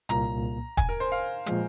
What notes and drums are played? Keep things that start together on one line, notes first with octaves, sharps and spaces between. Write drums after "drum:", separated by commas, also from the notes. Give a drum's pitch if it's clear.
C2 A#2 A#3 A#5, drum: hi-hat
G#5, drum: kick, hi-hat
A#4
C5
F5
A#2 F3 G#3, drum: hi-hat